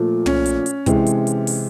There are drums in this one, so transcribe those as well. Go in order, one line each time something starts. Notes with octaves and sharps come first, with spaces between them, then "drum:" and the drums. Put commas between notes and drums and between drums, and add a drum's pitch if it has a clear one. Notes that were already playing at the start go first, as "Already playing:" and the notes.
Already playing: A#2 F3 A3
C#4, drum: tom
drum: hi-hat
drum: hi-hat
C3 E3 G#3, drum: kick, hi-hat
drum: hi-hat
drum: hi-hat
drum: open hi-hat